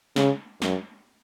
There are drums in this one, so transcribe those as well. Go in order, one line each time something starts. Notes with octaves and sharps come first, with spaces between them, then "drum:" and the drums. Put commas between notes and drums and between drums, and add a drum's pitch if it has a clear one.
C#3, drum: snare
F#2, drum: snare